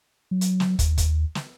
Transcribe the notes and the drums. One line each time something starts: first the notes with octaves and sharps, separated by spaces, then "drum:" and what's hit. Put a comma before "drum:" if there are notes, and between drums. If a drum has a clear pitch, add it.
F#3
drum: hi-hat
drum: snare
D#2, drum: kick, hi-hat
drum: kick, hi-hat
drum: snare